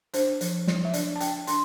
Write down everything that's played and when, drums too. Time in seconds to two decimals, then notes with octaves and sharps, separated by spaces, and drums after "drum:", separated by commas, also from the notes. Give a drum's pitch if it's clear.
0.14 D4 C5, drum: hi-hat
0.41 F3, drum: hi-hat
0.67 F3, drum: snare
0.85 E5
0.94 D4 D5, drum: hi-hat
1.16 A5
1.20 D4 G5, drum: hi-hat
1.47 D4 C6, drum: hi-hat